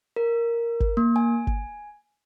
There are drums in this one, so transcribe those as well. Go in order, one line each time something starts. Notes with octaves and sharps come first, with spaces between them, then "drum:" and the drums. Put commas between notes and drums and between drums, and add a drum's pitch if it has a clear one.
A#4
drum: kick G#1
A#3
G#5
drum: kick G#1